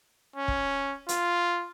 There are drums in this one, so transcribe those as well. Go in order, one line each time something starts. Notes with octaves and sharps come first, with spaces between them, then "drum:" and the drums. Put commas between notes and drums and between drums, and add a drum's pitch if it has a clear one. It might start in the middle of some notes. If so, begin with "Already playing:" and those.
C#4
drum: kick
F4, drum: hi-hat